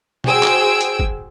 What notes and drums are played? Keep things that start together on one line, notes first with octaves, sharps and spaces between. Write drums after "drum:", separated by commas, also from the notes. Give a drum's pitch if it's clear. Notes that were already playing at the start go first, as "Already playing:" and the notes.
F#4 G#4 C5 G5 E6 D7, drum: tom B2
drum: clap
drum: hi-hat
drum: kick